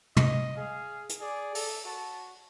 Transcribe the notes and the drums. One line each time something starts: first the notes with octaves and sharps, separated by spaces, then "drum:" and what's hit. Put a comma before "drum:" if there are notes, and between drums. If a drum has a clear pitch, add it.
D#5, drum: tom
G#4 F5
drum: hi-hat
G#4 D5
A4, drum: open hi-hat
F#4 A5